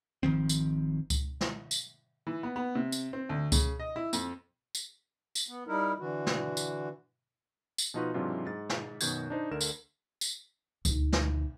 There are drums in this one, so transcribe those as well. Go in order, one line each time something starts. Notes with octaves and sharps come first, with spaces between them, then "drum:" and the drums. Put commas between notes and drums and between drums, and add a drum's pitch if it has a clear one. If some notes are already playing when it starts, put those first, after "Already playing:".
G#1 D#3 F3 C4
drum: tambourine
drum: kick C#2, tambourine
drum: snare
drum: tambourine
E3
B3
B3
C3
drum: tambourine
C4
D2
C#3, drum: kick C#2, tambourine
D#5
E4
F2, drum: tambourine
drum: tambourine
drum: tambourine
B3
G3 D#4 E4 A#4
D3 E3 F#4
drum: snare
drum: tambourine
drum: tambourine
B2 F3 D#4 F4 F#4 B4
G#2 C3 E3 F#3 D4 F4
G#2 A6
drum: snare
F#2 B2 D#3 F#4 G6 G#6, drum: tambourine
D4 D#4 C5
D2 D3 A#4 E7
drum: tambourine
drum: tambourine
D2 D#4, drum: kick C#2, tambourine
drum: snare